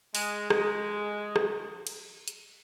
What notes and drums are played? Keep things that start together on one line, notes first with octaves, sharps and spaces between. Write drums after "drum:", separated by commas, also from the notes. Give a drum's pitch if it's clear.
G#3, drum: open hi-hat
G#3, drum: rim click
drum: rim click
drum: cymbal
drum: hi-hat